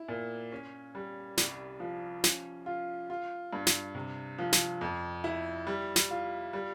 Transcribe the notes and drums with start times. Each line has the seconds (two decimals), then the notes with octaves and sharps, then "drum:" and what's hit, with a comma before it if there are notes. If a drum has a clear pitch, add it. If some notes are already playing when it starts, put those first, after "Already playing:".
Already playing: E4
0.08 A#2
0.52 C#4
0.95 G3
1.37 C2, drum: snare
1.80 F3
2.24 C#4, drum: snare
2.66 F4
3.10 F4
3.53 G2
3.67 drum: snare
3.95 C3
4.38 F3
4.53 drum: snare
4.81 F2
5.24 E4
5.67 G3
5.96 drum: snare
6.10 F4
6.53 G3